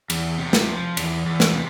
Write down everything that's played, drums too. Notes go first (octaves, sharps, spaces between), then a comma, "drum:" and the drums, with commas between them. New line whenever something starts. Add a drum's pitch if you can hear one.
E2, drum: cymbal
C3
drum: snare
F3
E2, drum: cymbal
E2
drum: snare
C3